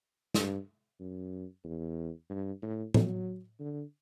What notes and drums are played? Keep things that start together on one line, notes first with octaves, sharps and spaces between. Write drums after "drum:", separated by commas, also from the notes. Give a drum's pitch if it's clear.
G2, drum: snare
F#2
E2
G2
A2
F#3, drum: tom A2
D3